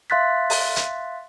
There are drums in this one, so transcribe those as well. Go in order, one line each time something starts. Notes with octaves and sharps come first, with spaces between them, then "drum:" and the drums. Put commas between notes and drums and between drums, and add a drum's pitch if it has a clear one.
E5 F5 C6 F#6 A6 B6
drum: open hi-hat
drum: hi-hat